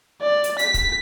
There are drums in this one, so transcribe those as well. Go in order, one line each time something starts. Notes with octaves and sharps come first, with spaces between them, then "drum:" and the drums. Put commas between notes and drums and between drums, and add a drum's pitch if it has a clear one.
D5
drum: hi-hat
B6, drum: hi-hat
drum: kick, hi-hat